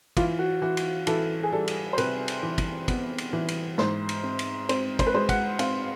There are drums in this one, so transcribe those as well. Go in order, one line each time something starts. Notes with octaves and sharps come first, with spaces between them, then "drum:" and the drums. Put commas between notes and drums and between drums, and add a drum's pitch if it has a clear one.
E3 F4, drum: kick, cymbal
F#4
E3 F#4
drum: cymbal
E3 A4, drum: cymbal
G#4
G3 A4
drum: cymbal
C5
C3 B4, drum: cymbal
drum: cymbal
E3
drum: kick, cymbal
B3, drum: kick, cymbal
drum: cymbal
E3
drum: cymbal
G#2 C5, drum: snare
drum: cymbal
C4
drum: cymbal
C4 C5, drum: cymbal
C5, drum: kick, cymbal
B4
G#3 C5
F#5, drum: kick, cymbal
C4 F5, drum: cymbal